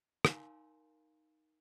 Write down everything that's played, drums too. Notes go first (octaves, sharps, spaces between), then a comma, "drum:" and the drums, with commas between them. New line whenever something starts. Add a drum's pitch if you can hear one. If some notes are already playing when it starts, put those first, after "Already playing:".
D#4 A#4 F5 G#5 A#5 C6, drum: rim click